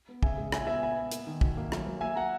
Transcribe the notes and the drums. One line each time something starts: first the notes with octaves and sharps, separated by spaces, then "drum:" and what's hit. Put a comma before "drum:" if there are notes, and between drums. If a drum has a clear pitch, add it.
B3
C#3 E5 G#5, drum: kick
G#3
A#2 E5 G#5, drum: rim click
B3 E5 G#5
B3 E5 G#5
B3
A#3, drum: hi-hat
D#3
B2, drum: kick
A#3
F#3, drum: rim click
F#3
A#3 E5 G#5
A#3 F#5 A#5